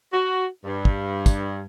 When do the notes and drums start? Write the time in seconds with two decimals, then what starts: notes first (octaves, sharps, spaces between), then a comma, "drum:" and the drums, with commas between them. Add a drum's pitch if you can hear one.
0.13 F#4
0.65 G2
0.85 drum: kick
1.26 drum: kick, tambourine